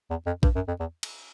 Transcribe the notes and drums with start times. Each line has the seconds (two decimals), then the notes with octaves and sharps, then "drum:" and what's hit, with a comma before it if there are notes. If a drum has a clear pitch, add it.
0.10 E2
0.26 F2
0.43 G2, drum: kick A#1
0.55 F#2
0.68 F2
0.80 E2
1.03 drum: cymbal